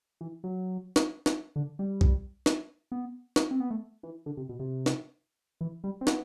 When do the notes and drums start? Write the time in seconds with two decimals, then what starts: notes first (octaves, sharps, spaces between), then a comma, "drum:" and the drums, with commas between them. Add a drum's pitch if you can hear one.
0.21 E3
0.44 F#3
0.96 drum: snare
1.26 drum: snare
1.56 D3
1.79 G3
2.01 drum: kick B1
2.46 drum: snare
2.92 B3
3.36 drum: snare
3.51 C4
3.60 B3
3.70 A3
4.03 E3
4.26 D3
4.37 C3
4.49 B2
4.59 C3
4.86 drum: snare
5.61 E3
5.84 G3
6.01 C4
6.07 B3, drum: snare